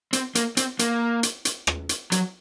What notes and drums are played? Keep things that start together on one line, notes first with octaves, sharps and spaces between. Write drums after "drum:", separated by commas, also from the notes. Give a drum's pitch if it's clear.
C4, drum: hi-hat
A#3, drum: hi-hat
C4, drum: hi-hat
A#3, drum: hi-hat
drum: hi-hat
drum: hi-hat
drum: rim click
drum: hi-hat
F#3, drum: hi-hat